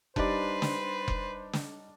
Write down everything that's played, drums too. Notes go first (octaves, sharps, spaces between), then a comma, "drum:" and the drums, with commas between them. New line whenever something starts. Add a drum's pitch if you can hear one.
G3 D4 D#4 B4 C5 D5, drum: kick F1
drum: snare
drum: kick F1
drum: snare